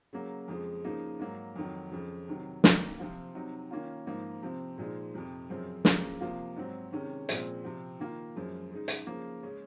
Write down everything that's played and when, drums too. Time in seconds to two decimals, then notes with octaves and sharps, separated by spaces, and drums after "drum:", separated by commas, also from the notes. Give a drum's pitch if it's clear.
0.13 C#3 F#3 A#3
0.48 F2 C#3 F3 G#3
0.84 C#3 F3 A#3 D#4
1.20 G#2 F#3 A#3
1.56 F2 D#3 F#3
1.92 F2 C#3 F3
2.28 C3 D#3 F#3
2.64 F#2 D#3 A#3, drum: snare
2.99 C3 F3 C4 F4
3.35 C3 F#3 C4 D#4
3.71 D#3 A#3 C#4 F4
4.06 G#2 F3 A#3 D#4
4.42 C3 F3 C4
4.78 A#2 F3 G#3 D#4
5.14 F2 C3 F3
5.50 F#2 C#3 F3 C4
5.85 F#2 C#3 F3 A#3, drum: snare
6.21 C3 F3 A#3 F4
6.57 G#2 F#3 C4
6.93 C3 D#3 G#3 C#4
7.29 A#2 F3 G#3 C4, drum: hi-hat
7.64 C3 F3 C4
8.00 D#3 A#3 F4
8.35 F#2 F3 G#3
8.71 C#3 G#3 D#4
8.88 drum: hi-hat
9.07 C#3 F3 A#3
9.43 C#3 G#3 C#4